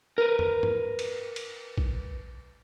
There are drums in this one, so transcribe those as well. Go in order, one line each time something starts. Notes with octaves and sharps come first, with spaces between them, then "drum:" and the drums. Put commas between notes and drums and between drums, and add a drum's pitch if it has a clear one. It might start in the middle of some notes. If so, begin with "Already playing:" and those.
A#4 B4
drum: tom
drum: tom
drum: cymbal
drum: cymbal
drum: kick